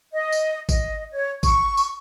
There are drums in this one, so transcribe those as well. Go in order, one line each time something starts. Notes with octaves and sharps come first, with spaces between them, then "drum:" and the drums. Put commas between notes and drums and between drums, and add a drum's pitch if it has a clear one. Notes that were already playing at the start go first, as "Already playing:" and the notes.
D#5
drum: tambourine
D#5, drum: kick G#1, tambourine
C#5
C#6, drum: kick G#1, tambourine
drum: tambourine